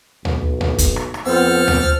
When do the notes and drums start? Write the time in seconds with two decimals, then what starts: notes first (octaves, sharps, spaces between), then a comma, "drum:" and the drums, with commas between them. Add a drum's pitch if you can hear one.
0.25 B1, drum: tom D2
0.61 drum: tom D2
0.78 drum: kick, hi-hat
0.96 drum: rim click
1.14 drum: rim click
1.26 F2 B3 C4 A4 C5 F6
1.68 drum: tom D2